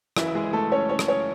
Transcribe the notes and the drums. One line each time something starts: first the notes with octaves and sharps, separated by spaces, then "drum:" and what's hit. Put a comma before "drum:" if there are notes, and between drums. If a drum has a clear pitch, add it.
F#1 F#2 C#3 E3 E4, drum: rim click
G#3 G#4
A3 A4
C#4 C#5
C#4 C#5
drum: rim click
C#4 C#5